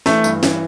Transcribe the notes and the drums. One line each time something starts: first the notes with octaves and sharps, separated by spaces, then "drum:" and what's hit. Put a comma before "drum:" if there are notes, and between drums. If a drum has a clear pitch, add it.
E3 A3, drum: snare
G2, drum: tambourine
E3, drum: snare